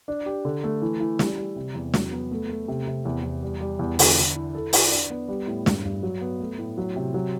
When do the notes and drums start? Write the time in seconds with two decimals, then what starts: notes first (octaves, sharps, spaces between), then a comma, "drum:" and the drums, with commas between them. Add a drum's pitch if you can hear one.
0.08 D4
0.26 G4
0.45 D3
0.64 A3
0.82 E3
1.00 E3
1.19 G3, drum: snare
1.38 G3
1.56 C3
1.75 E2
1.94 F#3, drum: snare
2.12 B3
2.31 A3
2.49 A3
2.68 C3
2.87 C3
3.05 E2
3.24 E2
3.42 G3
3.61 G3
3.79 E2
3.99 D3, drum: open hi-hat
4.17 D3
4.35 E4
4.55 A4
4.73 D5, drum: open hi-hat
4.92 D4
5.10 B3
5.28 G3
5.47 A2
5.66 G2, drum: snare
5.85 G2
6.03 F#3
6.21 B3
6.40 A3
6.59 A2
6.78 F#3
6.96 C3
7.14 F#3